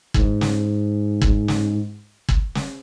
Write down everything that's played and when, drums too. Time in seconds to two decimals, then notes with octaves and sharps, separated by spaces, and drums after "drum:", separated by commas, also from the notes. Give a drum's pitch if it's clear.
0.14 G#2, drum: kick
0.41 drum: snare
1.21 drum: kick
1.48 drum: snare
2.29 drum: kick
2.55 drum: snare